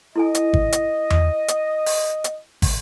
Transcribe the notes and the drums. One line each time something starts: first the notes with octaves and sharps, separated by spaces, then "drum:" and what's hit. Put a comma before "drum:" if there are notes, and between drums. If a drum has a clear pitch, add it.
E4 A4 D#5 G#5
drum: hi-hat
drum: kick
drum: hi-hat
drum: tom E2
drum: hi-hat
drum: open hi-hat
drum: hi-hat
drum: kick, open hi-hat